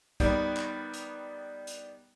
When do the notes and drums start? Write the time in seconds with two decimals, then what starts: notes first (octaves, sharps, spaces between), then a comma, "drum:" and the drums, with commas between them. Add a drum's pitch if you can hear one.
0.20 D#3 G3 B3, drum: kick, hi-hat
0.57 drum: clap
0.94 drum: hi-hat
1.67 drum: hi-hat